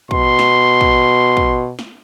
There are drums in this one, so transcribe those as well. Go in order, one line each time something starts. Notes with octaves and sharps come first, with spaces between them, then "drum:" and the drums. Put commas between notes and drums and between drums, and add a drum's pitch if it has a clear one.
B2 C6, drum: kick
drum: snare
drum: kick
drum: kick
drum: snare